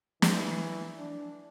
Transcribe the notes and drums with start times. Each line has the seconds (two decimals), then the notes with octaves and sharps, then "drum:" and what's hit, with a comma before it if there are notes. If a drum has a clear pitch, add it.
0.22 E3, drum: snare
0.99 D4